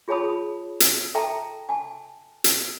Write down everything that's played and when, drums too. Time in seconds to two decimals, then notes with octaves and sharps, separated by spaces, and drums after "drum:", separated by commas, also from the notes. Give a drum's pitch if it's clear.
0.08 F4 G#4 C#5 A5 B5 D#6
0.80 drum: hi-hat
1.15 A4 E5 G5 A5 A#5
1.69 G#5 A5
2.44 drum: hi-hat